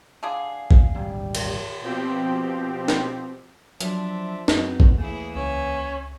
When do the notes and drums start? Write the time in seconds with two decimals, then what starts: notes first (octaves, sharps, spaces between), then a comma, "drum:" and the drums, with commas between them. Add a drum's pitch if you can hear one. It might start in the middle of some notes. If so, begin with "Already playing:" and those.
0.23 D3 D4 G#4 F5
0.71 drum: kick
0.95 D#1 G#1 D2 G3
1.35 drum: cymbal
1.81 B2 F3 C4 G4
2.88 drum: snare
3.81 F3 F#3 D4 F4 E5, drum: hi-hat
4.48 F#2 B3 C4 D#4 F#4, drum: snare
4.80 drum: kick
4.98 D#2 E3 A3 A#3 E4 G#4
5.36 C#2 C#4 E5